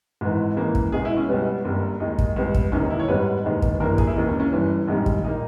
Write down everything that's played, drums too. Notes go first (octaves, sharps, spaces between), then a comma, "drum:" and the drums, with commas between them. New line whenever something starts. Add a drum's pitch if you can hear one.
G#1 G#2 E3
C#2 C#3 E3 A#3
drum: kick
C#2 B2 G#3 G#4
E4
C#4
C#2 B2 G3 B3
G1 G2 G3 A#3
D#2 D#3 G#3 D#4
drum: kick
C#2 C#3 G3 B3
drum: kick
E1 D#2 D#3 C#4
D#4
E4
C#5
G#1 G#2 G3 B3 B4
E1 D#2 D#3 G#3 B3
drum: kick
G1 G2 E3 A#3 A#4
G#4, drum: kick
E4
E1 D#2 C#3 E3 A#3 D#4
C#4
C#4
G1 G2 E3
A#1 G#2 D#3 G3
drum: kick
A#2 A#3 D#4